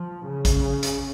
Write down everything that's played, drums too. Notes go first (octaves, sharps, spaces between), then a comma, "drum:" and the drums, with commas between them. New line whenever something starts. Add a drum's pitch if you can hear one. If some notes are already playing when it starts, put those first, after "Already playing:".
Already playing: F3
C#3
drum: kick A1, hi-hat
drum: hi-hat